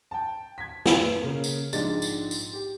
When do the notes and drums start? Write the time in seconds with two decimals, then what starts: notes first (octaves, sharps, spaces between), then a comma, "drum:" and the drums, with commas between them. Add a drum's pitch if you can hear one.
0.11 G5 A5
0.58 G#6 B6
0.86 drum: snare
1.22 C#3 A#3
1.44 drum: tambourine
1.73 A#1 G#2 G#3 D4 A6, drum: tambourine
2.02 drum: tambourine
2.31 drum: tambourine
2.53 G4